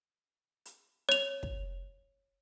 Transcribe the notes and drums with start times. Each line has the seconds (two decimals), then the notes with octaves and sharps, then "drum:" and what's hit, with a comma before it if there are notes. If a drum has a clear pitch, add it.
0.65 drum: hi-hat
1.09 C#5 F7
1.43 drum: kick